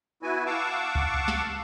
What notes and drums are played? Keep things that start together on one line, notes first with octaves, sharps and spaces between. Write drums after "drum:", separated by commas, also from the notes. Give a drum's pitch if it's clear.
B3 E4 F#4 G#5
F5 F#5 A5 C#6 D6 E6
drum: kick C#2
drum: snare